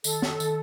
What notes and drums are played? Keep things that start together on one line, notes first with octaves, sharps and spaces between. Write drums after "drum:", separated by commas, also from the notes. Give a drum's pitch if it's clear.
D#3 A4, drum: tambourine
drum: snare
D#3, drum: tambourine